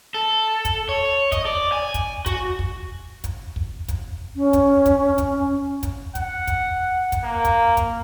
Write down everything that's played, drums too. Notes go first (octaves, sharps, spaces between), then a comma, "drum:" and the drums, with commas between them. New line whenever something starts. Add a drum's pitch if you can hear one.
A4
drum: kick, hi-hat
C#5
D#5, drum: kick, hi-hat
D5
G#5
drum: kick, hi-hat
F#4, drum: kick, hi-hat
drum: kick
drum: kick, hi-hat
drum: kick
drum: kick, hi-hat
C#4
drum: kick, hi-hat
drum: kick, hi-hat
drum: kick, hi-hat
drum: kick, hi-hat
F#5, drum: kick, hi-hat
drum: kick, hi-hat
drum: kick, hi-hat
A#3
drum: kick, hi-hat
drum: kick, hi-hat